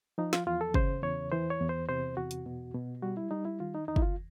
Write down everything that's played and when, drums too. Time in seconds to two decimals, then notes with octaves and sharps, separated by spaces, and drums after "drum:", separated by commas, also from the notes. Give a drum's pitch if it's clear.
0.18 F3 D#4
0.33 F4, drum: snare
0.47 E2 F4
0.61 A4
0.74 C#3 C5, drum: kick
1.03 E2 C#5
1.32 E3 C5
1.50 C#5
1.60 E2
1.69 C5
1.89 C3 C5
2.17 E2 F#4
2.31 drum: hi-hat
2.46 B2
2.74 B2
3.02 G3 F#4
3.17 E4
3.31 G3 D#4
3.45 E4
3.60 D#3 F4
3.75 D#4
3.88 E2 D#4
3.96 E4, drum: kick
4.02 F4